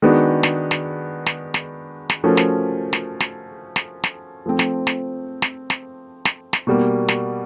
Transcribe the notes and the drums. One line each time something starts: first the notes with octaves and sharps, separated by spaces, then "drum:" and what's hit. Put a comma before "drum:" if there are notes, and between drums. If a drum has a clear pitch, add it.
D#3 G#3 B3 D4 F#4
drum: snare
drum: snare
drum: snare
drum: snare
drum: snare
F3 A3 C#4 F#4 A#4
drum: snare
drum: snare
drum: snare
drum: snare
drum: snare
F3 A3 C4
drum: snare
drum: snare
drum: snare
drum: snare
drum: snare
drum: snare
B2 G3 A#3
drum: snare